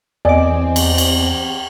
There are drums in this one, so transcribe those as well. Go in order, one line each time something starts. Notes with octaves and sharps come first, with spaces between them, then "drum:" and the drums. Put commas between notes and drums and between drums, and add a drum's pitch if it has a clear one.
E2 C4 D5 D#5 G#5 D6
drum: cymbal
drum: cymbal